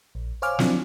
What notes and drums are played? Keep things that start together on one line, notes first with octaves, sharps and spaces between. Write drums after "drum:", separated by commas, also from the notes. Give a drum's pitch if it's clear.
A#1
C5 C#5 F5 G#5 D6 F6
F3 F#3 C4 D4 E4 F4, drum: snare